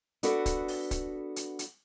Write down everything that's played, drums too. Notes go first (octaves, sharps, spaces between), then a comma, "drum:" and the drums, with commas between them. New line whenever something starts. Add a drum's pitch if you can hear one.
B3 D4 F#4 A4 B4, drum: hi-hat
drum: kick C#1, hi-hat
drum: open hi-hat
drum: kick C#1, hi-hat
drum: hi-hat
drum: hi-hat